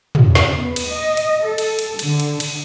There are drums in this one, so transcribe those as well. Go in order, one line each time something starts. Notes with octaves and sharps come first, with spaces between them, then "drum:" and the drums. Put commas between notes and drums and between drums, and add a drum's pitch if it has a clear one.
drum: tom
C#3
drum: snare
B3
drum: cymbal
D#5
drum: cymbal
A4
drum: cymbal
drum: cymbal
D3, drum: cymbal
drum: cymbal
drum: cymbal